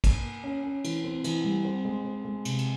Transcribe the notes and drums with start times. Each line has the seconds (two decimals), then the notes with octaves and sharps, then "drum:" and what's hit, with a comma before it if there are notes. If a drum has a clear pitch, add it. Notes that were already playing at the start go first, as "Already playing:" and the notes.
0.04 A#3, drum: kick A1, cymbal
0.23 A#3
0.44 C#4
0.63 C#4
0.84 E3, drum: cymbal
1.04 C4
1.24 E3, drum: cymbal
1.45 G3
1.65 C4
1.85 G#3
2.04 C4
2.25 G#3
2.45 C3, drum: cymbal
2.58 drum: cymbal